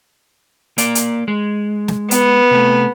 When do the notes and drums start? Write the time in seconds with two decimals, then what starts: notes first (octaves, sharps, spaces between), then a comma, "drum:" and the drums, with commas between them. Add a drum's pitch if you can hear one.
0.78 A#3 D5, drum: hi-hat
0.95 drum: hi-hat
1.28 G#3
1.88 drum: snare
2.11 B3, drum: hi-hat
2.51 C3 A3